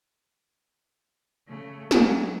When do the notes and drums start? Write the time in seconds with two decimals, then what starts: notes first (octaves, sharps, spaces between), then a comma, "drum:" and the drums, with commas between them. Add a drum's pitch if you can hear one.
1.48 C#3 A3
1.91 F#3, drum: snare